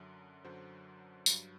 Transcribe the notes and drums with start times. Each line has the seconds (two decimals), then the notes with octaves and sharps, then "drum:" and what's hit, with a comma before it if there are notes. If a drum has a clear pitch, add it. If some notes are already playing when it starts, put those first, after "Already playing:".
Already playing: F#2 D3 F#3
0.45 F#2 D3 F#3 C5
1.26 G2 F#3, drum: tambourine